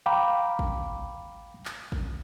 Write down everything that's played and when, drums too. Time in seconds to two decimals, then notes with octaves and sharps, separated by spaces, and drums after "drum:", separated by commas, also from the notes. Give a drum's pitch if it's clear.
0.06 F5 G5 A#5 B5 D6
0.59 drum: kick
1.65 drum: clap
1.92 drum: kick